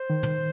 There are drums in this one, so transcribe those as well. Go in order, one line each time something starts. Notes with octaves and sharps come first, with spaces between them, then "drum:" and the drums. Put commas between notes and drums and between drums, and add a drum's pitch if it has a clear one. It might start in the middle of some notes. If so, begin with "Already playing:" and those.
Already playing: C5
D#3
drum: tom